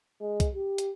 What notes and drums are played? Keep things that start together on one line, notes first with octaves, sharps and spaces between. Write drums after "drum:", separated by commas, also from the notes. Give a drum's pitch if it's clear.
G#3
drum: kick C2, hi-hat
G4
drum: hi-hat